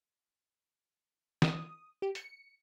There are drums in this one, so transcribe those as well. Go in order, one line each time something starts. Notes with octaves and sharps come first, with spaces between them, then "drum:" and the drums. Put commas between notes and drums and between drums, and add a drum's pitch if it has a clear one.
D#6, drum: snare
G4
C#7, drum: hi-hat